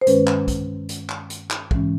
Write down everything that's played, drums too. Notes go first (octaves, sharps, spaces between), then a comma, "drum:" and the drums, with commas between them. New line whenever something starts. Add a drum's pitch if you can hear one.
C5
G2 D#3 G#3 C#4 B4, drum: hi-hat
drum: clap
drum: kick, hi-hat
drum: hi-hat
drum: clap
drum: hi-hat
drum: clap
G#2 E3 G#3 C#4, drum: kick